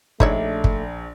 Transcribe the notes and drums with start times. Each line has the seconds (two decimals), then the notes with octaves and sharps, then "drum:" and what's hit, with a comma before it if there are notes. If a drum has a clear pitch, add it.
0.20 A#1 A3 D4 D#4 C#5 E5, drum: kick
0.64 drum: kick